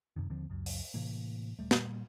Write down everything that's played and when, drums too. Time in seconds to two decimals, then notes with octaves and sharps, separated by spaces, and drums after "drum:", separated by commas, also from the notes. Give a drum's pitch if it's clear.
0.16 F#2 C3 D#3
0.30 D#2 D3 F3 C4
0.50 C#2 F#2
0.66 drum: open hi-hat
0.94 A2 C3 E3 A#3
1.59 D#1 G3 A3
1.71 A#2 G3 A#3, drum: snare